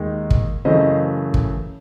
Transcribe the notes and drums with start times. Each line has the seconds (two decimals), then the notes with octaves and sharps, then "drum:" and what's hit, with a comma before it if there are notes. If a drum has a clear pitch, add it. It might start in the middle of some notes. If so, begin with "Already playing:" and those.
Already playing: D#2 D#3 G#3
0.30 drum: kick
0.65 F#2 C#3 E3 A3 C5 D#5
1.34 drum: kick